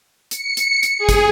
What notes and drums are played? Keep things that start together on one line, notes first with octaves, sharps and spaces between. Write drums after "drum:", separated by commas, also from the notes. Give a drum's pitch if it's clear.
C#7, drum: hi-hat
drum: hi-hat
drum: hi-hat
G#4
drum: kick, hi-hat